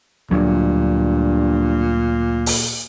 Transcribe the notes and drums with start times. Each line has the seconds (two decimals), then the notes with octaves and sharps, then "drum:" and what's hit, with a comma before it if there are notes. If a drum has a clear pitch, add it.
0.31 D2 G2 A#2 F#3
2.46 drum: open hi-hat